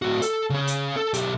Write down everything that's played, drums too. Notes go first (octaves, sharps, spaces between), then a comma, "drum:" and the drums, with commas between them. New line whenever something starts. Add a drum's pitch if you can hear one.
A2 F#4
A4, drum: hi-hat
C#3 C#4
drum: hi-hat
A4
B1 G4, drum: hi-hat